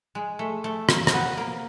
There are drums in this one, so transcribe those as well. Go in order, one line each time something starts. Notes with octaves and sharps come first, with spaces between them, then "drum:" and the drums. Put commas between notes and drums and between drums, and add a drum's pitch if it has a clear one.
G#3
A3
A3
A#3, drum: rim click
C4, drum: rim click
B3
A#3